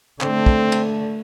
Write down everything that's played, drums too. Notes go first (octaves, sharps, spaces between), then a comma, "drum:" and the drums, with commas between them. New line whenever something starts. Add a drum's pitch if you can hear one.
D3 A3 C4, drum: clap
drum: kick
drum: cymbal